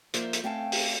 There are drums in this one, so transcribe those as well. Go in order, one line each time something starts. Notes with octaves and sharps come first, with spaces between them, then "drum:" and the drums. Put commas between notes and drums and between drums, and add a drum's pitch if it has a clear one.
F3 A#3 A#4 C5 E5, drum: hi-hat
drum: hi-hat
A3 C4 C#4 F5 G5 A5
drum: open hi-hat